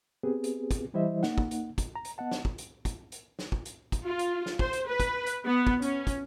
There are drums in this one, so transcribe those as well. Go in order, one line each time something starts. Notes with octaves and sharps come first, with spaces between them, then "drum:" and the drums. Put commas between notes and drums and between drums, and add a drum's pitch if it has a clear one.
B3 C4 G4 G#4 B4
drum: hi-hat
drum: kick, hi-hat
E3 G3 E4 C5 D#5 E5
A#3 D#4 F#5, drum: snare
drum: kick
drum: hi-hat
drum: kick, hi-hat
A#5
drum: hi-hat
B3 D#5 F#5 A5
drum: snare
drum: kick
drum: hi-hat
drum: kick, hi-hat
drum: hi-hat
drum: snare
drum: kick
drum: hi-hat
drum: kick, hi-hat
F4
drum: hi-hat
drum: snare
C5, drum: kick
drum: hi-hat
B4
drum: kick, hi-hat
drum: hi-hat
B3
drum: kick
C#4, drum: hi-hat
drum: kick, hi-hat